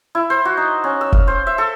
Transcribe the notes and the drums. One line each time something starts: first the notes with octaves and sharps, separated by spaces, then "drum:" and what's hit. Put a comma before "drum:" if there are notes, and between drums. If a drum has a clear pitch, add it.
E4
C5
F#4
D#4
C#4
E6
F5, drum: kick
C5
E5
A4